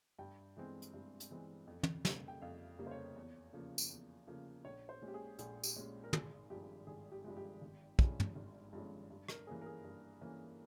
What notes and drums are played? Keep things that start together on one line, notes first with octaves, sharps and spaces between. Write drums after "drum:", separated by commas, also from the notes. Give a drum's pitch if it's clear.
G2 G5
E3 G#3 C4
drum: hi-hat
G2
drum: hi-hat
E3 G#3 C4
F2
drum: tom
C#3 G3 A#3, drum: snare
G5
F2 F5
C#3 G3 A#3
C5
C#5
E2
C#3 F3 A#3
drum: tambourine
E2
C#3 F3 A#3
A#1 C#5
C5
A#2 G#3 C#4
G4
G#4
A#1 G#4, drum: hi-hat
G4, drum: tambourine
A#2 G#3 C#4
A#4
G#1 G#4, drum: tom
G2 F3 G#3 G4
G#1 G#4
G4
G2 F3 G#3
G4
G#1
G2 F3 G#3 C#4, drum: kick
drum: tom
G#1
G2 F3 G#3 C#4
G2
A#4, drum: rim click
E3 A#3 C#4 G#4
A#4
G#4
G2
E3 A#3 C#4